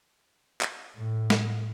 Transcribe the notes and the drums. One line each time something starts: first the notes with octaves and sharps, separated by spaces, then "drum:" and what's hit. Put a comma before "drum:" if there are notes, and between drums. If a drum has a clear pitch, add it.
drum: clap
A2
drum: snare